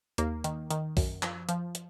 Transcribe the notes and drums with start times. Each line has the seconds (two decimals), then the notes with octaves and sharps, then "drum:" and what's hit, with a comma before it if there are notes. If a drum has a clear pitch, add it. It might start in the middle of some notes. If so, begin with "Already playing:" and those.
0.18 D#2 A#3, drum: hi-hat
0.44 D#3, drum: hi-hat
0.70 D#3, drum: hi-hat
0.97 F#2, drum: kick A#1, open hi-hat
1.23 F3, drum: clap
1.49 F3, drum: hi-hat
1.75 drum: hi-hat